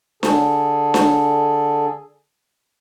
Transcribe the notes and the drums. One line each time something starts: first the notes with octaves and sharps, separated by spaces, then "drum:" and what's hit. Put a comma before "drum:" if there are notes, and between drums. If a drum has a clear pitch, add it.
D3 G#4 A4, drum: snare D4
drum: snare D4